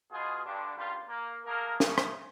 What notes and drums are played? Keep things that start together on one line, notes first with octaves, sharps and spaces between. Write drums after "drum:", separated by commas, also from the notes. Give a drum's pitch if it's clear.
B2 F4 G#4
G2 D3 D4
C#2 G2 A#2 G3 F4
A#3
A3 A#3 G#4 A#4
C#3 E3 F3 A3 A#3 C#4, drum: snare
drum: rim click